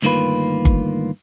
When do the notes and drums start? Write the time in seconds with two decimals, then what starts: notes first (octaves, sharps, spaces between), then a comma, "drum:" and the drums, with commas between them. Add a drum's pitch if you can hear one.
0.02 D2 G2 D#3 A#3 F4 B4
0.65 drum: kick G1